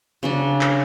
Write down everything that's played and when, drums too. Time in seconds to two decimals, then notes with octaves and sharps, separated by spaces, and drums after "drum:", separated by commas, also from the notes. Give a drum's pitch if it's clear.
0.23 C#3 F#3 D4
0.61 drum: clap